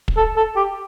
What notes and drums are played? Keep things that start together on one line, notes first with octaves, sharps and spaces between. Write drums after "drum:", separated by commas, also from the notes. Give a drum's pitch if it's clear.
drum: kick
A4
A4
G4